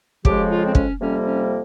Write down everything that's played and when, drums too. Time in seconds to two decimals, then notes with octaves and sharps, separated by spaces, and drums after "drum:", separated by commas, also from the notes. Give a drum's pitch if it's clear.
0.25 F2 C#3 F3 G#3 G4, drum: kick
0.50 F4
0.66 C4
0.75 C#4, drum: kick
1.00 F2 C3 G3 A#3 C#4
1.25 C#4